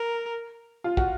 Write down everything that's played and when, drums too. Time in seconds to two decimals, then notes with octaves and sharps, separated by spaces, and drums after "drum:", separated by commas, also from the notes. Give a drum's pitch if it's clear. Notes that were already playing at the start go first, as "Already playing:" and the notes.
Already playing: A#4
0.84 F4
0.97 F#4, drum: kick